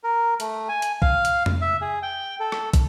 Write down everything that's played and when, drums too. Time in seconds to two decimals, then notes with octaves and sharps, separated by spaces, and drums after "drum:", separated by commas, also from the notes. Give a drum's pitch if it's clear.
0.03 A#4
0.40 A3, drum: hi-hat
0.69 G#5
0.82 drum: hi-hat
1.02 F5, drum: kick
1.25 drum: hi-hat
1.46 drum: tom F2
1.61 E5
1.81 G#4
2.03 G5
2.40 A4
2.52 drum: rim click
2.74 drum: kick, hi-hat